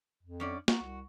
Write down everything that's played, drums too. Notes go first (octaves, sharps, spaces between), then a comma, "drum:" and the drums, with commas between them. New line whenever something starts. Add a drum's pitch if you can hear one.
F2
F#2 C#4 D5
A#3 F#4, drum: snare
C2